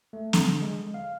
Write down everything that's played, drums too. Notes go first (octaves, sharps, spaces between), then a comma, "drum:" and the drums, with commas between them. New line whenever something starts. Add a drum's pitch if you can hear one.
A3
D3, drum: snare
G#3
F5